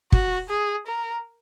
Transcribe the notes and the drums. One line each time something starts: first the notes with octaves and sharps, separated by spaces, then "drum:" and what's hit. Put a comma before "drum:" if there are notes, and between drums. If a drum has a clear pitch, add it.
F#4, drum: kick
G#4
A#4